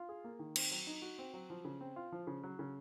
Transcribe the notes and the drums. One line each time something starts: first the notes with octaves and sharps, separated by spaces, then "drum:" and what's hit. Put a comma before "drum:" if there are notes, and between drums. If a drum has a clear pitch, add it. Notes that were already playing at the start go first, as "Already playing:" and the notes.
Already playing: F4
G#4
A#3
D#3
C4, drum: cymbal
F#3
D#4
F#4
C4
F#3
F3
C#3
C4
F4
F3
C#3
F#3
C#3